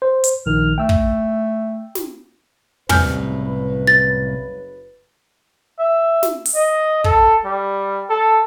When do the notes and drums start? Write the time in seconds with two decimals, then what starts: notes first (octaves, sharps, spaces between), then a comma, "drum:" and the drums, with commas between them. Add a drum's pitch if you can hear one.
0.02 C5
0.24 drum: hi-hat
0.46 A#1 D#3 F6
0.78 A3 G5 E6
0.89 drum: kick
1.95 drum: snare
2.89 F#1 C2 A2 B4 G#5 F6 G6, drum: tom
3.87 A6
5.79 E5
6.23 drum: snare
6.45 drum: open hi-hat
6.55 D#5
7.04 A4, drum: kick
7.45 G3
8.10 A4